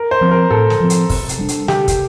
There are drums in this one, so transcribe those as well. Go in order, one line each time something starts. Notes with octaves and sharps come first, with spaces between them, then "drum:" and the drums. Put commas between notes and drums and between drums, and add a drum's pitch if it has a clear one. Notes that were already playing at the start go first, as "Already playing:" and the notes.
Already playing: A#4
C5
F3 C4
A#4
A2 A4
drum: snare
F3 C4
drum: hi-hat
C3, drum: kick, open hi-hat
drum: hi-hat
G3 D4
drum: hi-hat
C3 G4, drum: snare
drum: kick, hi-hat